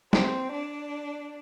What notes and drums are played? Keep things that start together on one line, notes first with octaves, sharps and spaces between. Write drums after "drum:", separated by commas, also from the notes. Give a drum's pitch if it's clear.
C4, drum: snare
D4